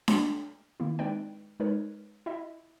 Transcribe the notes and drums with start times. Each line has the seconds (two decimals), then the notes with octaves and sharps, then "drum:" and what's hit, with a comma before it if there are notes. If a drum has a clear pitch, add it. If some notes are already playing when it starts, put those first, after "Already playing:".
0.08 drum: snare D4
0.80 D#3 A#3 E4
0.99 G#3 C4 D#4 B4 D5 G5
1.60 G#3 D#4 A#4 B4 C#5
2.26 E4 D#5 E5